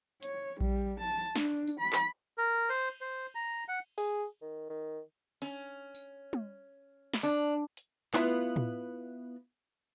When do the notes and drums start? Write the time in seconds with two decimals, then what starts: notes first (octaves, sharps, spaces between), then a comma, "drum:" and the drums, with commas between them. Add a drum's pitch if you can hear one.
0.23 C#5, drum: hi-hat
0.61 G3, drum: kick A#1
1.00 A5
1.36 D4, drum: snare
1.67 drum: tambourine
1.80 B5
1.93 drum: clap
2.38 A#4
2.69 C5, drum: cymbal
3.01 C5
3.35 A#5
3.68 F#5
3.98 G#4, drum: open hi-hat
4.42 D#3
4.70 D#3
5.42 C#4, drum: open hi-hat
5.95 drum: tambourine
6.33 drum: tom
7.14 drum: snare
7.23 D4
7.77 drum: hi-hat
8.14 B3 E4 F4, drum: clap
8.56 drum: tom